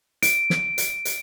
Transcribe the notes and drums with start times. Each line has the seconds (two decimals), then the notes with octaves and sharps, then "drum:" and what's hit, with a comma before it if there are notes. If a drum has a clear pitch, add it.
0.22 D7, drum: hi-hat
0.50 drum: snare
0.78 drum: hi-hat
1.05 drum: hi-hat